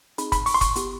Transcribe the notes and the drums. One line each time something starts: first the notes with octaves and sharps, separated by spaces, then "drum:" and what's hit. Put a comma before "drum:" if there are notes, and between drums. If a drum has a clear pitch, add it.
C4 D#4 G#4 B5, drum: hi-hat
B5, drum: kick, hi-hat
C#6, drum: open hi-hat
C6
C#6, drum: kick, hi-hat
B3 E4 G4, drum: hi-hat